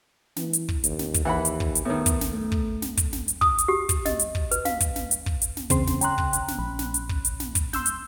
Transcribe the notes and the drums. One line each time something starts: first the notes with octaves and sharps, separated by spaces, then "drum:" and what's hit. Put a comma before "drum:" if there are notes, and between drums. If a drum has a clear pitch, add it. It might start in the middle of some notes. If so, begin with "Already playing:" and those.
E3, drum: snare
drum: hi-hat
drum: kick
D#2, drum: hi-hat
drum: snare
drum: kick, hi-hat
D#2 E3 F#5 B5
drum: hi-hat
drum: kick
drum: hi-hat
A2 D#3 B3
drum: kick, hi-hat
drum: snare
A3
drum: kick
drum: snare
drum: kick, hi-hat
drum: snare
drum: hi-hat
D#6, drum: kick
drum: hi-hat
G4
drum: kick, hi-hat
D#5, drum: snare
drum: hi-hat
drum: kick
B4, drum: hi-hat
F5, drum: snare
drum: kick, hi-hat
drum: snare
drum: hi-hat
drum: kick
drum: hi-hat
drum: snare
E2 C#3 C4 C6, drum: kick, hi-hat
drum: snare
C#4 G5 A#5 C6 F#6, drum: hi-hat
drum: kick
drum: hi-hat
drum: snare
A#1 B5
drum: snare
drum: hi-hat
drum: kick
drum: hi-hat
drum: snare
drum: kick, hi-hat
C6 E6 G6, drum: snare
drum: hi-hat